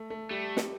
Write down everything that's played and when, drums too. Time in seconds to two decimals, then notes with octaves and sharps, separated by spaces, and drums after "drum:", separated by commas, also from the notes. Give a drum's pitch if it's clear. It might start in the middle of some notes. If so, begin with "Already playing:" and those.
Already playing: A3
0.10 A3
0.31 G3 A3
0.57 drum: snare